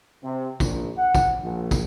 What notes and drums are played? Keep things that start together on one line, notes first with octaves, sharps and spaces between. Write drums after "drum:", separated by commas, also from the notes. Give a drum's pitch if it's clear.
C3
A#1, drum: kick, tambourine
F#5
drum: kick, tambourine
A#1
drum: kick, tambourine